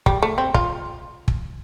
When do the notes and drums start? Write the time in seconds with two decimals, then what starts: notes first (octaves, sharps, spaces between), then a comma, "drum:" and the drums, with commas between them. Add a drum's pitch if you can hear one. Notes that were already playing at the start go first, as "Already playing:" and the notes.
0.06 G3, drum: kick
0.22 A3
0.38 C4
0.54 F4, drum: kick
1.28 drum: kick